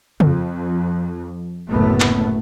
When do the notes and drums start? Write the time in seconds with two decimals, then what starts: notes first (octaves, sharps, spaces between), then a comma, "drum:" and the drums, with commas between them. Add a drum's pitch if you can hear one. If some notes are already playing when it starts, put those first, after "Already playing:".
0.20 F2, drum: tom C#3
1.68 F#1 D2 A2 A3 B3
2.00 drum: clap